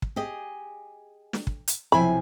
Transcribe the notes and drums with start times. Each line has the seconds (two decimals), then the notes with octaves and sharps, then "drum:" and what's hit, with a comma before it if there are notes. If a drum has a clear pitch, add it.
0.02 drum: kick
0.16 G4 G#4 D#5
1.33 drum: snare
1.47 drum: kick
1.68 drum: hi-hat
1.92 B1 C3 F3 E4 G#5 B5 C7